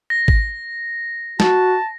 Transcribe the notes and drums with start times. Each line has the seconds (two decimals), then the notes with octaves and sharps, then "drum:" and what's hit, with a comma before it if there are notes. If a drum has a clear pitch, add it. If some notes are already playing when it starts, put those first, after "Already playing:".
0.10 A#6
0.28 drum: kick A1
1.40 F#4 A5, drum: snare